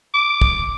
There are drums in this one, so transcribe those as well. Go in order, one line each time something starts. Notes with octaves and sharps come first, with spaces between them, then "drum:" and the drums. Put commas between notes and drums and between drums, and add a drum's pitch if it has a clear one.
D6
drum: kick